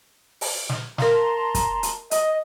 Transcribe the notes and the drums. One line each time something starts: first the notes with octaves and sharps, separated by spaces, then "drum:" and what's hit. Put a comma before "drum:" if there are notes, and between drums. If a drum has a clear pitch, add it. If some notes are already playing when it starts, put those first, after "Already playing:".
drum: open hi-hat
drum: snare
A#4 F5 A5 A#5 C6, drum: snare
drum: kick, hi-hat
drum: hi-hat
D#5, drum: hi-hat